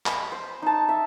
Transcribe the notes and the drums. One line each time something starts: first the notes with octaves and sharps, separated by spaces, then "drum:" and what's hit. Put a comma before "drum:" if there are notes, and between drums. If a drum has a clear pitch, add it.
B5, drum: clap
C5
D#4 A5
E5